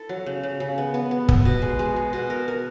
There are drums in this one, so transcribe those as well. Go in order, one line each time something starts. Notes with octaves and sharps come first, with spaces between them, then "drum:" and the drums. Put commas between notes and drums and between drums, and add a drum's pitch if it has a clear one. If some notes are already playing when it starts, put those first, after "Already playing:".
Already playing: E4 A4
F#3
C#3
C#3
C#3
B3
B3
B3
B3, drum: kick
B2
G#3
G#3
G#3
B2
A#4
A#4